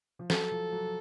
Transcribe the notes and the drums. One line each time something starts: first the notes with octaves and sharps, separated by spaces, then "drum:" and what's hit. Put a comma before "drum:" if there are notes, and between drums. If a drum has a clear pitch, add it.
F3
F#3 A4, drum: snare
F3
F#3